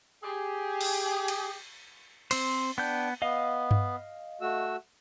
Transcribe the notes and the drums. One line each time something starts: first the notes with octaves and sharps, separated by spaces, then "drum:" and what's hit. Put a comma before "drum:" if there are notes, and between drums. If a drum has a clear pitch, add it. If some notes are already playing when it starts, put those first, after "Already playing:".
G4 G#4
drum: cymbal
drum: cymbal
C4 C5, drum: cymbal
B3 D4 G5 G6
B3 D#5 F5
drum: tom G2
A3 F#4 E6